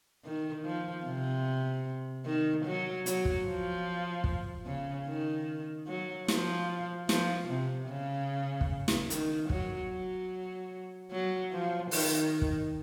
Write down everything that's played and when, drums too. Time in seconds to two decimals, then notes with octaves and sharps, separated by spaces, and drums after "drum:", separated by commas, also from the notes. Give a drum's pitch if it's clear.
0.25 D#3
0.65 F3
1.06 C3
2.26 D#3
2.66 F#3
3.06 F#3, drum: hi-hat
3.25 drum: kick
3.46 F3
4.24 drum: kick
4.66 C#3
5.07 D#3
5.87 F#3
6.28 F3, drum: snare
7.09 F3, drum: snare
7.49 C3
7.88 C#3
8.61 drum: kick
8.88 drum: snare
9.10 D#3, drum: hi-hat
9.50 F#3, drum: kick
9.90 F#3
11.11 F#3
11.52 F3
11.91 D#3, drum: open hi-hat
12.42 drum: kick